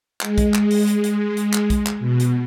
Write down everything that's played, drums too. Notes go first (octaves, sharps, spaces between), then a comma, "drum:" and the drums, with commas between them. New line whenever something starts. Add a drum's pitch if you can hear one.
G#3, drum: clap
drum: kick B1, hi-hat
drum: clap
drum: open hi-hat
drum: hi-hat
drum: hi-hat
drum: hi-hat
drum: clap
drum: kick B1, hi-hat
drum: clap
B2
drum: hi-hat